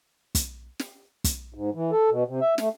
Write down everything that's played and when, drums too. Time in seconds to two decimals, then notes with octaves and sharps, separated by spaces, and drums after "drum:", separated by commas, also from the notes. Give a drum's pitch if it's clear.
0.35 drum: kick, hi-hat
0.79 drum: snare
1.24 drum: kick, hi-hat
1.54 G#2
1.74 E3
1.92 A4
2.10 B2
2.27 C3
2.41 E5
2.58 A3, drum: snare